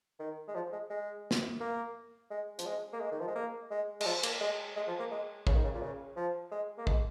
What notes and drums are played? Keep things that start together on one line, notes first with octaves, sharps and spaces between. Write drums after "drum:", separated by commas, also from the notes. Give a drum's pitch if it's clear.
D#3
G#3
F3
G#3
G#3
drum: snare
A#3
G#3
F3, drum: hi-hat
G#3
A#3
G#3
D#3
F3
G#3
A#3
G#3
G#3, drum: cymbal
F3
A#3, drum: cymbal
G#3
G#3
F3
A#3
G#3
C#3, drum: kick
D#3
C#3
A#2
C#3
F3
G#3
A#3
G#3, drum: kick